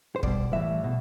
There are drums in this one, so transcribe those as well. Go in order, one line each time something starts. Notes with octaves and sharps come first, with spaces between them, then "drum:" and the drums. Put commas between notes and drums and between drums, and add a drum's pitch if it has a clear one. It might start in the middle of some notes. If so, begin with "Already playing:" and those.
C5
B2 G3 D5, drum: kick
A2 E3 G3 E5
B2